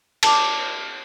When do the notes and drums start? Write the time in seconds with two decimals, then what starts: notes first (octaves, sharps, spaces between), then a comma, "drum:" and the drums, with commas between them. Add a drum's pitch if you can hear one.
0.23 A5 D6, drum: cymbal